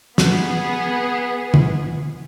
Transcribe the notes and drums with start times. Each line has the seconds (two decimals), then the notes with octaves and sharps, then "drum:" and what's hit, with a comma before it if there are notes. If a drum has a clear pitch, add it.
0.18 B3 G#4, drum: snare
1.54 drum: tom